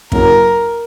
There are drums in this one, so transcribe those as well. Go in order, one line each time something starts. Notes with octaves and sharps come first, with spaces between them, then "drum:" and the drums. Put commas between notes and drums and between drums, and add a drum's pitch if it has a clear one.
F#2 C#3 F#3 A#3 E4 A#4, drum: kick